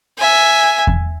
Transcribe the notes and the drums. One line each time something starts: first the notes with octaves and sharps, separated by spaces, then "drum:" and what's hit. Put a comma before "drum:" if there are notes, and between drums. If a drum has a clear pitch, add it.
E5 G#5
drum: kick E2